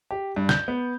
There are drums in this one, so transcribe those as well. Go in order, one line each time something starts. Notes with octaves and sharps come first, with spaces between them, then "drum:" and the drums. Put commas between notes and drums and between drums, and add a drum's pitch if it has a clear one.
G4
G2
G6, drum: snare
B3